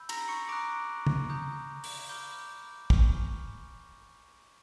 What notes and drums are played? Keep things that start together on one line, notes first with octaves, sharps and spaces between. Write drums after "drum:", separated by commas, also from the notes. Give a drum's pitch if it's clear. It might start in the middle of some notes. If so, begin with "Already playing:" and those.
Already playing: B5 E6 G6
A#5 A#6, drum: cymbal
C#6 C#7
A#5 D6 D#6 F#6 D7
drum: tom
A#5 D#6 G6
drum: open hi-hat
B5 D6 F6 G6 G7
G#5 C#6 F6, drum: kick